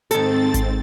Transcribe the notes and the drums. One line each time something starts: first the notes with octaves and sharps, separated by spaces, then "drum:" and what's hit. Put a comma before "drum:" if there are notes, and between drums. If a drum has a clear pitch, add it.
G#2 D#3 C4 A4 A6, drum: hi-hat
drum: kick G#1, hi-hat